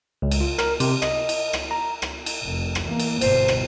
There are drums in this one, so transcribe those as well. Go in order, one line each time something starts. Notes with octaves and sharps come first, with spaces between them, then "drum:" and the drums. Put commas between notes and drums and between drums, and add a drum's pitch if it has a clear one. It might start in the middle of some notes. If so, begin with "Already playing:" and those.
C#2
drum: cymbal
F4
A#4, drum: rim click
C3, drum: cymbal
D#5, drum: rim click
drum: cymbal
drum: rim click
A#5
drum: rim click
drum: cymbal
F1
drum: rim click
E3 A#3
drum: cymbal
G1 B2 C5, drum: cymbal
drum: rim click